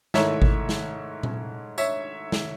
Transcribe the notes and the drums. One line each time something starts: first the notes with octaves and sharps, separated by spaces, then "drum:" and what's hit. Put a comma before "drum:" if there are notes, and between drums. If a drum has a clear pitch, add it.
G#2 D#3 A3 E4 C#5 E5, drum: snare
drum: kick G#1
drum: snare
drum: tom A#2
C#5 E5, drum: tambourine
drum: snare